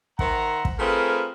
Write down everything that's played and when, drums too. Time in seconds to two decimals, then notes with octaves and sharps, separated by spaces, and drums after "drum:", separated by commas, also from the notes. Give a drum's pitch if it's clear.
0.19 D#3 C5 E5 F#5 A#5, drum: kick
0.65 drum: kick
0.79 A3 C4 F4 G#4 A#4 B4